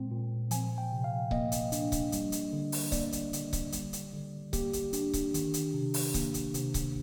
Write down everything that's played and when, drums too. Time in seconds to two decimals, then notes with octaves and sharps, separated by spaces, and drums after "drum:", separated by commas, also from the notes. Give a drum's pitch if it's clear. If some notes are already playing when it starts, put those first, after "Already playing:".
Already playing: A#2 G#3 C4
0.11 A#2
0.51 F3 G#5, drum: hi-hat
0.78 G5
0.92 C3
1.04 F5
1.31 A#3 D#5, drum: kick C#1
1.52 drum: hi-hat
1.72 D4, drum: hi-hat
1.92 drum: kick C#1, hi-hat
2.12 G3, drum: hi-hat
2.32 drum: hi-hat
2.53 D3
2.72 drum: open hi-hat
2.92 A#3 D5, drum: kick C#1, hi-hat
3.12 drum: hi-hat
3.33 D3, drum: hi-hat
3.53 drum: kick C#1, hi-hat
3.72 G3, drum: hi-hat
3.93 drum: hi-hat
4.13 D3
4.53 A#3 G4, drum: kick C#1, hi-hat
4.73 drum: hi-hat
4.93 D4, drum: hi-hat
5.13 drum: kick C#1, hi-hat
5.34 D#3, drum: hi-hat
5.54 drum: hi-hat
5.74 C3
5.94 drum: open hi-hat
6.14 A#3, drum: kick C#1, hi-hat
6.34 drum: hi-hat
6.54 C3, drum: hi-hat
6.74 drum: kick C#1, hi-hat